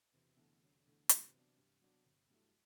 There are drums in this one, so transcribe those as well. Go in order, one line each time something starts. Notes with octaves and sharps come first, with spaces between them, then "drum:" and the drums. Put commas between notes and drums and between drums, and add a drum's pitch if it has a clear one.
E1 C3 E3
E2 D3 A3 E4
E1 D3 F#3
E2 D3 A3 E4
G2 C3 E3, drum: hi-hat
F#3 B3 D4
G2
F#3 B3 D4
G1
G2 F#3 A3 E4